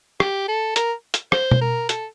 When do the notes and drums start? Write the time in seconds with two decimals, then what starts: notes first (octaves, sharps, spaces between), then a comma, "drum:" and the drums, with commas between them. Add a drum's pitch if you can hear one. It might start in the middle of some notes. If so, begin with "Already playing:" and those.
0.20 G4, drum: rim click
0.49 A4
0.76 A#4, drum: hi-hat
1.14 drum: hi-hat
1.32 C5, drum: rim click
1.51 drum: tom B2
1.61 A#4
1.89 A4, drum: hi-hat